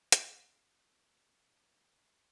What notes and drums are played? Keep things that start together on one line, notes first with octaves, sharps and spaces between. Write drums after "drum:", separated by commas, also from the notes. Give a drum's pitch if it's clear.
A#3 C4 A#5, drum: hi-hat